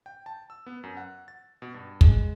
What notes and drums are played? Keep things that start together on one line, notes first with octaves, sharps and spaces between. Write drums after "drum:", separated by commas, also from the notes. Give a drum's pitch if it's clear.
G5
A5
E6
B3
F#2
F#5
A6
B2
G2
G#3, drum: kick